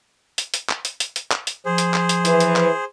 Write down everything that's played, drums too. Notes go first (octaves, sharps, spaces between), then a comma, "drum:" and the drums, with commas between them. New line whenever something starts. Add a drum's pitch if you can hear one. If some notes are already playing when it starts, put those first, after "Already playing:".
drum: hi-hat
drum: hi-hat
drum: clap
drum: hi-hat
drum: hi-hat
drum: hi-hat
drum: clap
drum: hi-hat
F3 G#4 C5
drum: hi-hat
drum: clap
drum: hi-hat
E3 B4, drum: hi-hat
drum: hi-hat
drum: clap